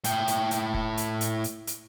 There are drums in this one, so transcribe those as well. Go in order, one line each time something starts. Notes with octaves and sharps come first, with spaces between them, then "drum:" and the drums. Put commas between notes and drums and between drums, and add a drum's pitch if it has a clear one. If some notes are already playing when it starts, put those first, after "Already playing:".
A2 G5, drum: hi-hat
drum: hi-hat
drum: hi-hat
drum: kick
drum: hi-hat
drum: hi-hat
drum: hi-hat
drum: hi-hat